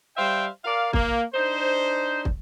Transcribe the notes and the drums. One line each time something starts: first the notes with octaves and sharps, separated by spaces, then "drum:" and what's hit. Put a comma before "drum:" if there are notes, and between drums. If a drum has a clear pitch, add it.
G3 C5 E5 F5 G5
A#4 D5 F5
A#3, drum: kick
D4 D#4 C5
drum: kick